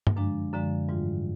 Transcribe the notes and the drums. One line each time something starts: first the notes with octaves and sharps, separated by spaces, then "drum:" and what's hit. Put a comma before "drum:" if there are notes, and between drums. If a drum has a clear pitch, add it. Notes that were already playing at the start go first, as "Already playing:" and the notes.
drum: tom G2
F#2 D3 F3 G#3 D4
F#2 D3 F3 G#3
G#2 E3 G3 F4